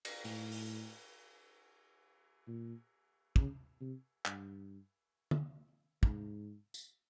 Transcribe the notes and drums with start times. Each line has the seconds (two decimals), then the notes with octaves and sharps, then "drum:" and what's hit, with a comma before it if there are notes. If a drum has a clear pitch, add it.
0.05 drum: cymbal
0.25 A2, drum: open hi-hat
0.52 drum: open hi-hat
2.47 A#2
3.36 C#3, drum: kick
3.81 C3
4.25 G2, drum: clap
5.31 drum: tom D3
6.03 G#2, drum: kick
6.74 drum: tambourine